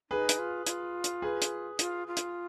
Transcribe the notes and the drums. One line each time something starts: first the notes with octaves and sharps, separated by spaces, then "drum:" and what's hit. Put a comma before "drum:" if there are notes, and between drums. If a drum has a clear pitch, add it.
D#4 G#4 B4
drum: hi-hat
F4
F4, drum: hi-hat
drum: hi-hat
G#4 B4
drum: hi-hat
F4, drum: hi-hat
F4
drum: hi-hat